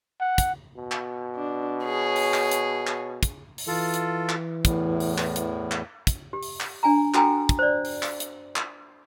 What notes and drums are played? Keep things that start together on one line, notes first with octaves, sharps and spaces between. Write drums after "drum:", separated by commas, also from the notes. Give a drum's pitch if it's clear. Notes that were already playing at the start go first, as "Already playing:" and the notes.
F#5
drum: kick, hi-hat
B2
drum: clap
D4
G#4 C#5
drum: open hi-hat
drum: clap
drum: hi-hat
drum: clap
drum: kick, hi-hat
drum: open hi-hat
E3 F4 A4
drum: hi-hat
drum: clap
E2 A2, drum: kick, hi-hat
drum: open hi-hat
drum: clap
drum: hi-hat
drum: clap
drum: kick, hi-hat
G4
drum: open hi-hat
drum: clap
D4 G#5 A#5
F#4 A4 G5 G#5 A#5, drum: clap
drum: kick, hi-hat
C5 D5
drum: open hi-hat
drum: clap
drum: hi-hat
drum: clap